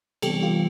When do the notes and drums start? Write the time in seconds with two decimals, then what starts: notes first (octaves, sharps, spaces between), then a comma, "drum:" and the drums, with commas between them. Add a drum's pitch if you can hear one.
0.22 C3 E3 G3 B3 G4 A4, drum: cymbal
0.43 F4 G4